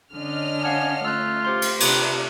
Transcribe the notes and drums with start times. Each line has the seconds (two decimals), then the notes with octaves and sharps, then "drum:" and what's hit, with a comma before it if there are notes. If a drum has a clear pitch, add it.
0.15 D3 C#4 D4 D#5 F6
0.63 F5 F#5 G#5 A5
1.05 A3 F4 E6 F#6
1.45 G4 C5 C6
1.62 drum: cymbal
1.80 C3 A3 D4 F4 G4 B4 A#5, drum: cymbal